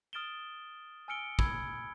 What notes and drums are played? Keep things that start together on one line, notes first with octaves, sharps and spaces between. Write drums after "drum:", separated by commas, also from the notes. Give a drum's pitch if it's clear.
D#6 F6 A6 D7 E7 G7
G#5 E6 F6 C#7 D7 G7
B5 E6 G#6, drum: kick